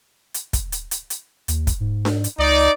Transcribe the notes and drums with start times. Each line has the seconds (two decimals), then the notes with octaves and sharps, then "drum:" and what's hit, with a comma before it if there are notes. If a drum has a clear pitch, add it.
0.34 drum: hi-hat
0.53 drum: kick, hi-hat
0.72 drum: hi-hat
0.91 drum: hi-hat
1.10 drum: hi-hat
1.48 D#2, drum: hi-hat
1.67 drum: kick, hi-hat
1.80 G#2
2.05 drum: snare D4
2.24 drum: hi-hat
2.38 C#2 D#4 D5